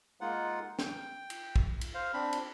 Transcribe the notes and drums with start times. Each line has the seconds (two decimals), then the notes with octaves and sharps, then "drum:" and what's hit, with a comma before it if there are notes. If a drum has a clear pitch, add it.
0.21 G#3 A#3 D#4 F4 F#5
0.79 G5, drum: snare
1.30 drum: cymbal
1.56 drum: kick
1.81 drum: cymbal
1.94 C5 F5
2.13 C4 D4 B5
2.33 drum: cymbal